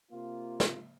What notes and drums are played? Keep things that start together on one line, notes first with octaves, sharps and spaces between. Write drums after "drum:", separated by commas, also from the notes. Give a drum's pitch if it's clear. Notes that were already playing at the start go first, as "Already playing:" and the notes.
C3 A#3 F4
drum: snare